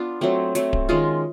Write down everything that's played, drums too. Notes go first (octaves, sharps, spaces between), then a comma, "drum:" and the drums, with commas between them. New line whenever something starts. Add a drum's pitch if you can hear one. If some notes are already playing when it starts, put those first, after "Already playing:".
Already playing: B3 D4 F4
F#3 A3 C4
F#3 A3 C4, drum: hi-hat
drum: kick D1
D#3 G#3 C#4 F4